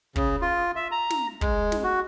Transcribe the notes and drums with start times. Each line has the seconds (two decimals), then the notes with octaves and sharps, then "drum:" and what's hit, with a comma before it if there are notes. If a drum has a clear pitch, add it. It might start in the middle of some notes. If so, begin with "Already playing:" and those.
0.16 C#3, drum: kick
0.42 F4
0.76 E5
0.91 A#5
1.10 drum: snare
1.41 G#3, drum: kick
1.72 drum: snare
1.84 F#4